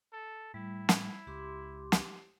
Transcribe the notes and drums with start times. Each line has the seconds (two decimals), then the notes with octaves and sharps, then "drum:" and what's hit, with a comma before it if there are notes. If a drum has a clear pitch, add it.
0.13 A4
0.54 A2 G3 E4
0.89 drum: snare
1.27 C#2 G4 C6 D6
1.92 drum: snare